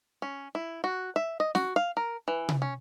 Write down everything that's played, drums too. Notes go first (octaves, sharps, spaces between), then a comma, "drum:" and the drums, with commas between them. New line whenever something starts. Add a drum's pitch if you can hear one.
C#4
E4
F#4
E5
D#5
F#4, drum: snare
F5
A#4
E3
drum: tom C3
C#4